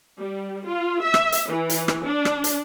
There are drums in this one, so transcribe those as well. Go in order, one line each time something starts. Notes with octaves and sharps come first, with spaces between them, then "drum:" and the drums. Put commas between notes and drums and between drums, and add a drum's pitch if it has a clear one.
G3
F4
E5
drum: rim click
drum: hi-hat
E3
drum: hi-hat
drum: rim click
D4
drum: rim click
drum: hi-hat